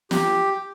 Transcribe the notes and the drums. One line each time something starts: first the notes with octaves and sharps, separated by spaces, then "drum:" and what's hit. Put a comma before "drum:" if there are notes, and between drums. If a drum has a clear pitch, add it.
G4, drum: snare